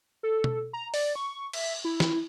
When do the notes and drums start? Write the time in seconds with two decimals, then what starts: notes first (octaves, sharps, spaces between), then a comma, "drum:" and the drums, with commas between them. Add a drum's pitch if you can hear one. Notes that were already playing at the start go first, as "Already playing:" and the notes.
0.23 A4
0.44 drum: tom B2
0.73 A#5
0.94 D5, drum: open hi-hat
1.15 C#6
1.53 E5, drum: cymbal
1.85 E4
2.00 drum: snare